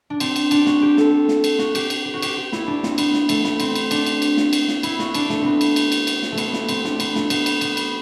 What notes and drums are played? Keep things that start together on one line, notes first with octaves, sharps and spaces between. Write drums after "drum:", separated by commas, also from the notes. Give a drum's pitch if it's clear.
D4
C4, drum: cymbal
drum: cymbal
D4, drum: cymbal
F#4, drum: snare
G4
A4, drum: snare
drum: snare
drum: cymbal
F#4, drum: snare
G4, drum: cymbal
drum: cymbal
G4
F#4
G4, drum: cymbal
G4
E4, drum: snare
D4
C4, drum: snare
B3, drum: cymbal
drum: snare
A3, drum: cymbal
B3, drum: snare
C4, drum: cymbal
drum: cymbal
D4, drum: cymbal
drum: cymbal
drum: cymbal
drum: snare
drum: cymbal
drum: snare
E4, drum: cymbal
F#4, drum: snare
D4, drum: cymbal
A3, drum: snare
B3 C4
drum: cymbal
drum: cymbal
drum: cymbal
drum: cymbal
drum: snare
A3
B3, drum: cymbal
drum: snare
C4, drum: cymbal
D4, drum: snare
B3, drum: cymbal
A3, drum: snare
B3, drum: cymbal
drum: cymbal
B3, drum: cymbal
drum: cymbal